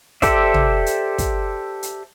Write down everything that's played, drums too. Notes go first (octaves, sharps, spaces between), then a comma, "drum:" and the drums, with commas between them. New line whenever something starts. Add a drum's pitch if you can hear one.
G4 A4 C5 D5 E5, drum: kick, hi-hat
drum: tom
drum: hi-hat
drum: kick, hi-hat
drum: hi-hat